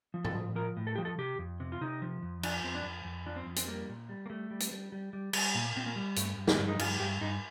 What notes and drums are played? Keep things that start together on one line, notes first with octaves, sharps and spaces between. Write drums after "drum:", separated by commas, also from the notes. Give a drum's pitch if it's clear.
F3
A4, drum: tom A2
F3
F3 A#4
A2
A4
F3 G4
A4
C3 G4
F2
C3
F4
C3 D#4
F3
F2
F3 D4, drum: cymbal
F2 C4
D4
F2
F2
F3 D4
C4
F2
C4, drum: hi-hat
G3 A#3
A#2
G3
A#3
G3 A3
G3
drum: hi-hat
G3
G3
G3
G3, drum: cymbal
A#2 A#3
A#2 C4
A#3
G3
G2 A3, drum: hi-hat
G2
A#3, drum: snare
G2
D#4
G2 F4, drum: cymbal
G2 G4
G2 D#4